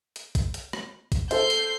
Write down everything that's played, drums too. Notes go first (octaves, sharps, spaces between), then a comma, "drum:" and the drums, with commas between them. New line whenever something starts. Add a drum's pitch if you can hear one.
drum: hi-hat
drum: kick A1, hi-hat
drum: hi-hat
drum: rim click
drum: kick A1, hi-hat
A4 C5 G6 C7, drum: hi-hat
drum: hi-hat